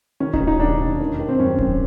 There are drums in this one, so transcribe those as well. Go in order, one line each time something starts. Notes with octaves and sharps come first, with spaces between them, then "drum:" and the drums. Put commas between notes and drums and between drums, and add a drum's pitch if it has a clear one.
D#3 C#4
D#4, drum: kick D1
D#3
D#4
D#2 D4
D#2
D#3
D#3
C4
F#2 C#4
F#2, drum: kick D1